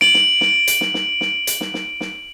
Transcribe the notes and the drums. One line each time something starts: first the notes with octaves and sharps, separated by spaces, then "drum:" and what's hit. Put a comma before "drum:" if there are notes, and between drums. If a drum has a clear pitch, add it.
D7 F#7, drum: snare
drum: snare
drum: snare
drum: hi-hat
drum: snare
drum: snare
drum: snare
drum: hi-hat
drum: snare
drum: snare
drum: snare